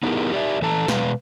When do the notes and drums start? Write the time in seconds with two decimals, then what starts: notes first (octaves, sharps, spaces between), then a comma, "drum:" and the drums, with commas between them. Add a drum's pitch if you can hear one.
0.03 B3 D#4 E4 G4 G#4 A#4
0.32 G4 D5 E5
0.62 E3 A4 A5 A#5
0.88 B2 G#3 B4 F5, drum: snare